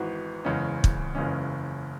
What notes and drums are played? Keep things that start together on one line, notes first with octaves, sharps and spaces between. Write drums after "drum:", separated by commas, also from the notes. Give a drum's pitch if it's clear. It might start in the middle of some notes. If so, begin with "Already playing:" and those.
Already playing: G#1 G#2 E3 B3 F#4
F#1 E2 C#3 G#3 C#4
drum: kick
F#1 E2 C#3 G#3 C#4